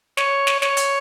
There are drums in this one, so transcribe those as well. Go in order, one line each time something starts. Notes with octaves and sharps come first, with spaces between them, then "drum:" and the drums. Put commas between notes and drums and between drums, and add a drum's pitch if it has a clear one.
C#5, drum: snare
drum: snare
C#5, drum: snare
drum: hi-hat